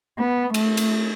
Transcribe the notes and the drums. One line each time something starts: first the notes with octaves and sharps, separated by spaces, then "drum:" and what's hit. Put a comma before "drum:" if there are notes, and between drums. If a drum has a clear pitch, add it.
B3
A3, drum: cymbal
drum: cymbal